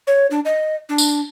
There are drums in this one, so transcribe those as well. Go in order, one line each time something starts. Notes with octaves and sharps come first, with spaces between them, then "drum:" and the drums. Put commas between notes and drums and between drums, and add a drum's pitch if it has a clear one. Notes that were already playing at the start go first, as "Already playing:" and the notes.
C#5
D4
D#5
D4
drum: tambourine